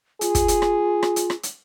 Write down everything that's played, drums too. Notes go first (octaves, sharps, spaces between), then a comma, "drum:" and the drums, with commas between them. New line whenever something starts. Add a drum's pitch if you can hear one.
F4 G#4, drum: hi-hat
drum: kick, hi-hat
drum: hi-hat
drum: rim click
drum: rim click
drum: hi-hat
drum: rim click
drum: hi-hat